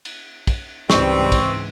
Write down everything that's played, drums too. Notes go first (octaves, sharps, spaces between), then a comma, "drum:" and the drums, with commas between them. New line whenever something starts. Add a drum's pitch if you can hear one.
drum: cymbal
drum: kick, cymbal
C#2 G#2 E3 G3 C4 C#6, drum: snare
drum: kick, cymbal